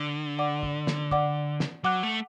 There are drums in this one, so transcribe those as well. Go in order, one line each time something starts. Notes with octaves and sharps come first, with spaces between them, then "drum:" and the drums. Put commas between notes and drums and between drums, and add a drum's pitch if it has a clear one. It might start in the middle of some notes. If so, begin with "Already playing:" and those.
Already playing: D3
D5 F#5 D6
drum: kick
drum: snare
D5 F#5 D6, drum: kick
drum: snare
F#3 F#5 D6 F#6
A3